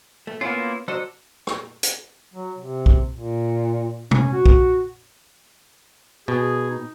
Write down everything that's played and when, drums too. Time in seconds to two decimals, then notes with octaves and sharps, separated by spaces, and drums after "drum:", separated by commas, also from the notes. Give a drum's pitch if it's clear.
0.27 A3
0.41 A#3 B3 C#4 E4 F4
0.88 F#3 D4 A4 C5 D#5
1.47 drum: rim click
1.83 drum: hi-hat
2.34 F#3
2.59 C3
2.86 drum: kick B1
3.15 A#2
4.11 C#4, drum: tom C3
4.33 F#4
4.46 drum: kick B1
6.28 B2 G#4
6.70 D#4